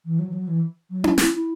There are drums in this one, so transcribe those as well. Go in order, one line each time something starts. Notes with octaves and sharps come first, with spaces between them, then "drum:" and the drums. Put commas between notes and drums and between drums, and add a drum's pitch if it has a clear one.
E3
F#3
E3
F#3
E3
F#3
E4, drum: tom C#4
E4, drum: snare
E4